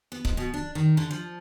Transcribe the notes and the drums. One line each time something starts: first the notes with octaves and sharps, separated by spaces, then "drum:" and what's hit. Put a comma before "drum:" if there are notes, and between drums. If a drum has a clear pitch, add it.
B3
G#2, drum: kick C#1
B2
D4
D#3
D3
F3